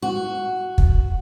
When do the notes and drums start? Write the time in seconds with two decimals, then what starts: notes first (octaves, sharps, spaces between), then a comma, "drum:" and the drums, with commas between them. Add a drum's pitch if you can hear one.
0.02 F#4
0.78 drum: kick